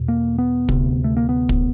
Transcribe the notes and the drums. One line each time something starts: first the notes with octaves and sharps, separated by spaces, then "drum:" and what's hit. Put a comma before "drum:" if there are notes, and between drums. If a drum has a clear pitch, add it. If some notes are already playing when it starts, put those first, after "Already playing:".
Already playing: E2 B2
A#3
B3
D2 C3, drum: kick
A3
A#3
B3
drum: kick